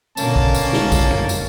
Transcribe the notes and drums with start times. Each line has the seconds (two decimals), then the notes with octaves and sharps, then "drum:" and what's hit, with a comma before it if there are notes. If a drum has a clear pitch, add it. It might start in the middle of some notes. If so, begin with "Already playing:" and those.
0.17 B2 D3 A#3 C#4 A5, drum: tambourine
0.36 drum: kick A#1
0.55 drum: tambourine
0.73 drum: snare
0.92 drum: kick A#1, tambourine
1.10 drum: tom F2
1.29 drum: tambourine